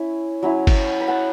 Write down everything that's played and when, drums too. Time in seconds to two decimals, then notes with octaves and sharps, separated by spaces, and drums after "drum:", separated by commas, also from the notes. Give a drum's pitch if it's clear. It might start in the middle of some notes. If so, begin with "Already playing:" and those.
Already playing: C#4 E4
0.42 F#3 C#4 E4
0.67 drum: kick G1, cymbal
1.01 B5
1.08 F#5 A5